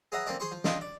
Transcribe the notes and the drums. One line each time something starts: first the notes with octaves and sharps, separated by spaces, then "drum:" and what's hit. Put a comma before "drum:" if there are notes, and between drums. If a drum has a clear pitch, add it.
G#4 B4 C#5 E5 F#5 A#5
A#3 C4 C#4 A4 C#5 D5
G#4 C5 C6 C#6
F3
D4 F4 D#5 F5 G5, drum: snare
D5